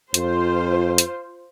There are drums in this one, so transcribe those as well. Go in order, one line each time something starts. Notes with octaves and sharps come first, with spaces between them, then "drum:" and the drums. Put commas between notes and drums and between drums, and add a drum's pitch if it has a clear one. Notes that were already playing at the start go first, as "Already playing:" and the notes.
F2 F4 C5, drum: hi-hat
drum: hi-hat